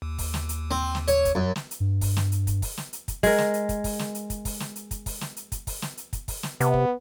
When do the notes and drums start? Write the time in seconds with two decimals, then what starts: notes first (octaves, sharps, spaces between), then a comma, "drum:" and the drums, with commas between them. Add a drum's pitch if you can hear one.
0.02 D#2
0.18 drum: kick, open hi-hat
0.34 drum: snare
0.49 drum: hi-hat
0.71 C4
0.95 drum: snare
1.08 C#5, drum: hi-hat
1.25 drum: kick, hi-hat
1.35 F#2
1.56 drum: snare
1.71 drum: hi-hat
1.80 G2
2.01 drum: kick, open hi-hat
2.17 drum: snare
2.32 drum: hi-hat
2.47 drum: kick, hi-hat
2.62 drum: kick, open hi-hat
2.77 drum: snare
2.93 drum: hi-hat
3.08 drum: kick, hi-hat
3.23 G#3 A#4, drum: kick, open hi-hat
3.38 drum: snare
3.54 drum: hi-hat
3.69 drum: kick, hi-hat
3.84 drum: kick, open hi-hat
3.99 drum: snare
4.15 drum: hi-hat
4.30 drum: kick, hi-hat
4.45 drum: kick, open hi-hat
4.60 drum: snare
4.76 drum: hi-hat
4.91 drum: kick, hi-hat
5.06 drum: kick, open hi-hat
5.21 drum: snare
5.37 drum: hi-hat
5.52 drum: kick, hi-hat
5.67 drum: kick, open hi-hat
5.82 drum: snare
5.97 drum: hi-hat
6.13 drum: kick, hi-hat
6.28 drum: kick, open hi-hat
6.43 drum: snare
6.60 C3 B3, drum: hi-hat
6.74 drum: kick